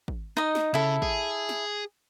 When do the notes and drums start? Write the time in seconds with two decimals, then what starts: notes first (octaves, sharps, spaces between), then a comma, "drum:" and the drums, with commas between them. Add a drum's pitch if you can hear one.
0.08 drum: kick
0.37 D#4 D#5
0.55 drum: snare
0.74 C#3 E4 A4
1.02 G#4, drum: kick
1.49 drum: snare